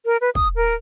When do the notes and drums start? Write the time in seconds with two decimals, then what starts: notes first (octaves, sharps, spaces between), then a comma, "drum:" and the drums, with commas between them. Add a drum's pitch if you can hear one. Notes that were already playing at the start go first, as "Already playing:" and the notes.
0.05 A#4
0.21 B4
0.35 D#6, drum: kick
0.56 A#4